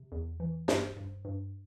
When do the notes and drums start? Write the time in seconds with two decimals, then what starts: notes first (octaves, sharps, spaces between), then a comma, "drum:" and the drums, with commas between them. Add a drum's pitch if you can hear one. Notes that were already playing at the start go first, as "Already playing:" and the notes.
Already playing: C3
0.12 E2
0.40 E3
0.68 G2 C5, drum: snare
0.97 G2
1.25 G2